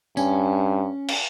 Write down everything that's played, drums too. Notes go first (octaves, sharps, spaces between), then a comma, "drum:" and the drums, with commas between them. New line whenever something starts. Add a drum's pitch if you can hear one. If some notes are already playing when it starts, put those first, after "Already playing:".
G2 C#4, drum: tambourine
drum: cymbal